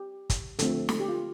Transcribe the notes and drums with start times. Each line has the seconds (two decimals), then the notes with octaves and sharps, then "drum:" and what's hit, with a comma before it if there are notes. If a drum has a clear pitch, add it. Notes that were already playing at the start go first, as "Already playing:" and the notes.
Already playing: G4
0.30 drum: kick, hi-hat
0.59 D3 F3 A3 C4 A4, drum: hi-hat
0.89 A4, drum: snare
1.00 G4
1.08 F4